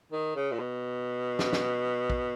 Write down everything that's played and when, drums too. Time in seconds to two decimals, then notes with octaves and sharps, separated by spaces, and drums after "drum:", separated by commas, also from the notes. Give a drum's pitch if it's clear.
0.12 D#3
0.36 C#3
0.52 A#2
0.59 B2
1.39 drum: snare
1.53 drum: snare
2.10 drum: kick